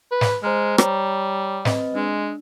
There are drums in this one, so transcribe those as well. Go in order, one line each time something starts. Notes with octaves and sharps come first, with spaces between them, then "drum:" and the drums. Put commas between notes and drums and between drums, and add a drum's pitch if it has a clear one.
B4
drum: snare
G#3 C5 A#5 F6
G3 C#5 A#5, drum: rim click
C4 B4 D#5, drum: snare
G#3 D4